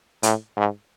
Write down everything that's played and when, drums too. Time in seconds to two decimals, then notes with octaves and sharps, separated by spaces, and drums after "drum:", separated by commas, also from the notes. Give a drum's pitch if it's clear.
0.23 A2, drum: hi-hat
0.57 G#2